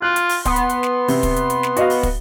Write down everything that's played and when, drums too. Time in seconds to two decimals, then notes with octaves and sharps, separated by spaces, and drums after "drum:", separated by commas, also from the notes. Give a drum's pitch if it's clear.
0.02 F4 F#6
0.16 drum: hi-hat
0.29 drum: open hi-hat
0.45 B3 C6, drum: kick, hi-hat
0.56 drum: hi-hat
0.70 drum: hi-hat
0.83 drum: snare
1.08 C3, drum: open hi-hat
1.23 drum: kick, hi-hat
1.36 drum: hi-hat
1.50 drum: hi-hat
1.63 drum: snare
1.77 F#4 D#5 F5, drum: hi-hat
1.90 drum: open hi-hat
2.03 drum: kick, hi-hat